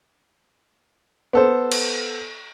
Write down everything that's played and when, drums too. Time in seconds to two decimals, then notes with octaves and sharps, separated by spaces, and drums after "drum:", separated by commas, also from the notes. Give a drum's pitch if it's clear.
1.33 B3 A4 C5
1.72 drum: cymbal